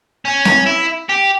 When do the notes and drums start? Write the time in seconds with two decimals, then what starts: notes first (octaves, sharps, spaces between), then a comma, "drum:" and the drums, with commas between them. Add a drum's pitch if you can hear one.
0.25 C#4
0.45 drum: snare C4
0.66 E4
1.09 G4